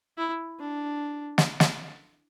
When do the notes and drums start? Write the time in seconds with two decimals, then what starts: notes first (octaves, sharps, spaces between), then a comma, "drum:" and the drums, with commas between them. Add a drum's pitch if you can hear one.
0.18 E4
0.60 D4
1.38 drum: snare
1.60 drum: snare